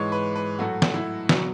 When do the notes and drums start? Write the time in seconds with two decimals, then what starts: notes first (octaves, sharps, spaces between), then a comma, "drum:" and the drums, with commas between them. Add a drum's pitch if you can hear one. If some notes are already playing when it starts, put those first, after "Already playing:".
Already playing: G#2 E3 G#3 C#5
0.12 B4
0.35 B4
0.58 A2 F#3 A3 F#4
0.82 drum: snare
0.94 E4
1.29 B2 F#3, drum: snare